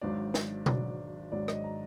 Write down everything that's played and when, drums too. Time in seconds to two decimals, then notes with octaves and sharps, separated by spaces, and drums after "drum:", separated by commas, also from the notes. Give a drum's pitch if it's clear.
0.02 G#1 G#2 F#3 D4 D5
0.34 drum: snare
0.66 G#1 G#2 F#3 D4, drum: tom B2
1.32 G#1 G#2 F#3 D4 D5
1.48 D#5, drum: rim click
1.64 A#5